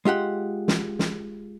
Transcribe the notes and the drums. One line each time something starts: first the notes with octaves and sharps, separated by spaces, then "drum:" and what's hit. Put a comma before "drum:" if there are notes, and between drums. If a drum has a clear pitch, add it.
G#3 F4 G4 F#5
drum: snare
drum: snare